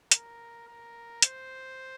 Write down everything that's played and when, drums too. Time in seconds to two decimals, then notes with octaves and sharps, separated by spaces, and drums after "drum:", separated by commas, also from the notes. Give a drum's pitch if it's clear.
0.12 A#4, drum: hi-hat
0.67 A#4
1.22 C5, drum: hi-hat